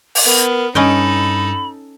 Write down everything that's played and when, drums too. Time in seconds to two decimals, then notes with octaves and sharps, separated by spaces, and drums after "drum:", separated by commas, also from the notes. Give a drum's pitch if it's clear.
0.15 drum: open hi-hat
0.25 B3 A#4
0.75 G2 C#4 D#4 A4 D#5 G5 B5